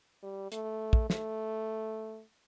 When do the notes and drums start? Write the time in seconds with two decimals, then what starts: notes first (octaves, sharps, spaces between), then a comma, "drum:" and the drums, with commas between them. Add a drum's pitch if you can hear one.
0.23 G3
0.52 A3, drum: hi-hat
0.93 drum: kick
1.10 A3, drum: snare